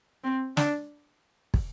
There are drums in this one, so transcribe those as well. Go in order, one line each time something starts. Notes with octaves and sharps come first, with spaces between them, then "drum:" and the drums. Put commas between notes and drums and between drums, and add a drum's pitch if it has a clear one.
C4
D4, drum: snare
drum: kick